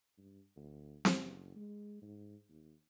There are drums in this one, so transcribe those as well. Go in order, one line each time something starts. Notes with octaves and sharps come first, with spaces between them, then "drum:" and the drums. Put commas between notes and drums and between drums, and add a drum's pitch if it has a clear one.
G2
D2
F#1, drum: snare C4
G#3
G#2
D#2